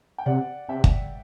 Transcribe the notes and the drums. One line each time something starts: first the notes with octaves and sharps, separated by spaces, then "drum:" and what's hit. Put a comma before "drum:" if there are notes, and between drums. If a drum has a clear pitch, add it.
G5
C3 D5 F#5
C3 E5 G5
drum: kick